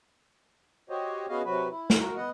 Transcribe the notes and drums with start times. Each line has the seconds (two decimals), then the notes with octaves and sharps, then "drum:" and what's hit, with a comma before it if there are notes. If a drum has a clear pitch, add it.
0.90 F#4 G4 C5 C#5 D#5
1.29 B3 C#4 F#4 G#4 D#5 F5
1.45 C3 F#3 F#4 B4
1.70 E4
1.90 drum: snare
1.99 F#4 A#4
2.16 B3 D#5 F#5